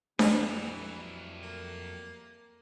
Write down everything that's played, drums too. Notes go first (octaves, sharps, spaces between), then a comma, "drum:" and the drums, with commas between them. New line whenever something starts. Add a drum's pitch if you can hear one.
F2 E3 F#3 G3 A3 A#5, drum: snare D4
A#3